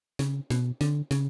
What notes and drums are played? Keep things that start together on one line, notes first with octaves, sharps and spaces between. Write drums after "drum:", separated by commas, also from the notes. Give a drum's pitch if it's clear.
C#3, drum: snare
B2, drum: snare
D3, drum: snare
C#3, drum: snare